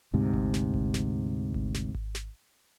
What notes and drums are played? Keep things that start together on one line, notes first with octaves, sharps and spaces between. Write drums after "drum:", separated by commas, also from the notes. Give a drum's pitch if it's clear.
D2 G#2 C3
drum: kick G#1
drum: snare
drum: kick G#1
drum: snare
drum: kick G#1
drum: snare
drum: kick G#1
drum: snare